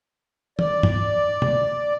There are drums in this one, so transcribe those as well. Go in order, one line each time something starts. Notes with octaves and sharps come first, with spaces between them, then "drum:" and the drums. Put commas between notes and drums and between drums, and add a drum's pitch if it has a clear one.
D5, drum: tom
drum: tom G2
drum: tom